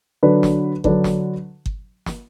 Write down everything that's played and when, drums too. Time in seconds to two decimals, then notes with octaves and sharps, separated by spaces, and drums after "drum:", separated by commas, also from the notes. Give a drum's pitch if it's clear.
0.23 D3 F#3 D4 B4
0.43 drum: snare
0.84 D3 F#3 D4 B4, drum: kick G1
1.04 drum: snare
1.66 drum: kick G1
2.06 drum: snare